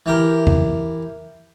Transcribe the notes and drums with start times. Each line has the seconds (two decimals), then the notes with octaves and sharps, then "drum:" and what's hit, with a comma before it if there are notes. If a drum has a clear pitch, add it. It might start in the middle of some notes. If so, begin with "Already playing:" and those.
0.06 E3 G4 A#4
0.47 drum: tom